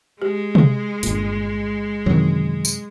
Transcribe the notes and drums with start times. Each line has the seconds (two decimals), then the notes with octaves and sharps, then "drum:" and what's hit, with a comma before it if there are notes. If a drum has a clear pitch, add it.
0.22 G#3 G4
0.55 drum: tom C3
1.03 G1 A#2, drum: hi-hat
2.06 F#2 C3 D#3 E3 F#3
2.65 drum: tambourine